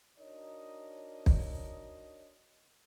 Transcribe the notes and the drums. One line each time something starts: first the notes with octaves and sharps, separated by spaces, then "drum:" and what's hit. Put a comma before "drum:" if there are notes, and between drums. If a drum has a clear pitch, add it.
D4 D#4 F#4 A#4 C#5 D#5
drum: kick